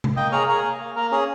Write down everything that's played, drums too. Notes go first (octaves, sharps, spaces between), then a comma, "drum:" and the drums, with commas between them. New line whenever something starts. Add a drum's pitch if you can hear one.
drum: tom C3
A#3 D#5 G5
G#4 A#4 C#5
G#4 A#4 C#5
A#3
A#3
A#3 A#4
C#4 G#4